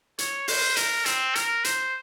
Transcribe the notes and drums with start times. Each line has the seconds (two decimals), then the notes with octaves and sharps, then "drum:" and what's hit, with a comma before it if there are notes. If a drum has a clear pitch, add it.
0.19 C#5, drum: hi-hat
0.48 C5, drum: open hi-hat
0.76 A#4, drum: hi-hat
1.06 C4, drum: hi-hat
1.35 A#4, drum: hi-hat
1.64 C5, drum: hi-hat